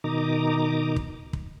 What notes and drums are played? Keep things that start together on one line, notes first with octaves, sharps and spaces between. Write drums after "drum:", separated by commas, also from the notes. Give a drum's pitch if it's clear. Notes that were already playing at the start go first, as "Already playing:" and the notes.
B2 D#3 D#4 A#5 D6 D#6
drum: kick
drum: kick